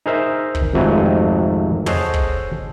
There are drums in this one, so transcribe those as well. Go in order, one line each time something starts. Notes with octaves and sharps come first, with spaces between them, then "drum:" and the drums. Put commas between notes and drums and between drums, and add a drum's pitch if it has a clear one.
D#4 G#4 A#4 C5 E5
drum: kick
G#1 F2 C3 F#3 A3 G#5
G#4 A4 C5 C#5 D#5 F#5, drum: tom
drum: kick